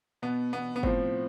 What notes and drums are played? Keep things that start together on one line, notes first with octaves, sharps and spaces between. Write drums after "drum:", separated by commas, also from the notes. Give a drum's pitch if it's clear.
B2 B3
B3
B3
A2 F3 C4, drum: kick